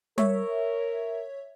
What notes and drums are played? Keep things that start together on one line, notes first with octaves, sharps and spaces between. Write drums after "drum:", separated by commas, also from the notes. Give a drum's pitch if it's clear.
A#4 C#5 E5, drum: tom G3